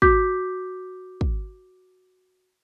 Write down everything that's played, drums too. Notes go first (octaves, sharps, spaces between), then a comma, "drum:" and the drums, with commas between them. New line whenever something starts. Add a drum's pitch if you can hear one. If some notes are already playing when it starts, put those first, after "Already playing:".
F#4 D6 G6 B6, drum: kick
drum: kick